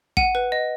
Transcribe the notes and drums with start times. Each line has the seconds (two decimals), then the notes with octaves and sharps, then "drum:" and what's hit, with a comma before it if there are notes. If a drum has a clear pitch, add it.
0.17 F#5 D#7, drum: kick
0.35 B4
0.52 D#5